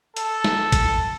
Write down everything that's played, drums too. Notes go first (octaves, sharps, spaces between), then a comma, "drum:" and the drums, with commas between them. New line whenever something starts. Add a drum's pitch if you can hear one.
A4, drum: hi-hat
drum: snare
drum: kick A1, hi-hat